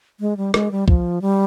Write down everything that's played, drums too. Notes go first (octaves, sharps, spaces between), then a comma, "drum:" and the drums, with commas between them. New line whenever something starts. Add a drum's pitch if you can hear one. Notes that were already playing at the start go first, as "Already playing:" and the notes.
G#3
G3
G#3, drum: rim click
G3
F3, drum: kick
G3